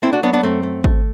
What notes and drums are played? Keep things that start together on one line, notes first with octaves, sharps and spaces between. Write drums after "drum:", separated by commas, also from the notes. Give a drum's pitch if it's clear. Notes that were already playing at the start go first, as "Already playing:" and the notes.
A3 C4 E4
D4 F#4
F#3 B3 D4
B3 D4
F#2 A3 C4
A3
A3, drum: kick